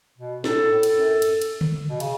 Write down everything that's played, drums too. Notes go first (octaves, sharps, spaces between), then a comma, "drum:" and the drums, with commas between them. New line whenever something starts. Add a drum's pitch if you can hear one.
B2
A2 A4, drum: snare
A2
drum: cymbal
F#2
drum: cymbal
drum: cymbal
drum: tom C#3
B2
C#3, drum: cymbal